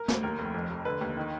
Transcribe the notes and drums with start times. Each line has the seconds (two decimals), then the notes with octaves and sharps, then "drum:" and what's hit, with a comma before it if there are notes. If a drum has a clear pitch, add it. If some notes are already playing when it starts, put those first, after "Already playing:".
Already playing: A#4
0.08 D2, drum: snare
0.23 D#2 A#4
0.39 F1
0.54 F2
0.70 F1
0.85 D3 B4
1.01 D#2
1.17 D#3